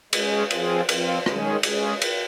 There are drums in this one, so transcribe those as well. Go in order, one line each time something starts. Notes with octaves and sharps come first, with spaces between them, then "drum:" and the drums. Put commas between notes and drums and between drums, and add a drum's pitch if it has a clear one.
G#3 C#4 G#4, drum: cymbal
F3 C4 F4 G#4, drum: cymbal
F3 C4 F4, drum: cymbal
D#3 G#3 C#4 G#4, drum: rim click
G#3 C#4 G#4, drum: cymbal
drum: cymbal